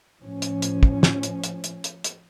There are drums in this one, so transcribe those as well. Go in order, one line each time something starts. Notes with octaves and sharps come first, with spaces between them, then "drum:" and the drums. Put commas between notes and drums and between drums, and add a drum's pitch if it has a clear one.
A2 F3 C#4
drum: hi-hat
drum: hi-hat
drum: kick
drum: snare
drum: hi-hat
drum: hi-hat
drum: hi-hat
drum: hi-hat
drum: hi-hat